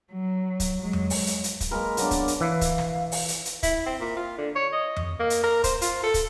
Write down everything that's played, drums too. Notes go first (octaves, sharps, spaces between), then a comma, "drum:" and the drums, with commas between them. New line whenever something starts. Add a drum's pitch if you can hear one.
F#3
drum: kick, hi-hat
F#3 G#3
drum: tom F2
drum: open hi-hat
drum: hi-hat
drum: hi-hat
drum: kick, hi-hat
G#3 A#3 A#4 B4
F#3 A#3 B3 D4, drum: hi-hat
drum: kick, hi-hat
drum: hi-hat
E3 F5
drum: kick, hi-hat
drum: snare
drum: open hi-hat
drum: hi-hat
drum: hi-hat
E4, drum: kick, hi-hat
C4
A#2
F4
D3
C#5
D#5
drum: tom F2
A#3
drum: hi-hat
A#4
C5, drum: kick, hi-hat
F4, drum: hi-hat
A4
drum: kick, hi-hat